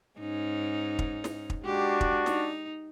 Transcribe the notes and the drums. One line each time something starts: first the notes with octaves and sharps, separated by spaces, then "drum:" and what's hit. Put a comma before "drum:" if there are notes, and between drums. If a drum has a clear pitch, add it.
G#2 C#4 D#4
drum: kick
drum: snare
drum: kick
G#3 D4 F#4 G4
drum: kick
D#4, drum: snare